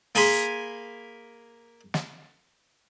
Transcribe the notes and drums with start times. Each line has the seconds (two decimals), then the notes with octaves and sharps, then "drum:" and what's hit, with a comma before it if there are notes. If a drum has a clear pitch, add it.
0.15 A#3 G#4 G#5 B5 C6, drum: open hi-hat
1.94 drum: snare